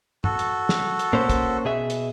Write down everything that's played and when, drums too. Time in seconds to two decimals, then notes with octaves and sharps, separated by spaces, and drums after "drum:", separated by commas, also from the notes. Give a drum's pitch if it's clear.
0.24 F#4 A4, drum: tom
0.39 drum: hi-hat
0.69 drum: snare
0.99 drum: hi-hat
1.13 A#3 C#4 C5, drum: tom
1.30 drum: kick, hi-hat
1.65 B2 G#4 E5
1.90 drum: hi-hat